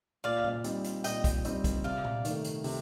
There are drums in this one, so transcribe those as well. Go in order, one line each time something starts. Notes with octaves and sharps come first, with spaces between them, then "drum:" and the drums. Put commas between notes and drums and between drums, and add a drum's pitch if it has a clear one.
A#2 D5 F5
drum: tom A#2
G3 C4 D#4, drum: hi-hat
drum: hi-hat
A#2 D#5 G5, drum: hi-hat
drum: kick, hi-hat
G3 C4 D#4, drum: hi-hat
drum: kick, hi-hat
C3 D5 F5
drum: tom A#2
D#3 A3, drum: hi-hat
drum: hi-hat
C3, drum: open hi-hat